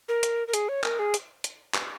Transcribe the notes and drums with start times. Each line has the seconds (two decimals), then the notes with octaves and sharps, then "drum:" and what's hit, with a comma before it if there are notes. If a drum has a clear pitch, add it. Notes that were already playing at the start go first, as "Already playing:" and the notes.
0.08 A#4
0.23 drum: hi-hat
0.48 A#4
0.53 G#4, drum: hi-hat
0.69 C#5
0.84 A#4, drum: clap
0.99 G#4
1.14 drum: hi-hat
1.44 drum: hi-hat
1.74 drum: clap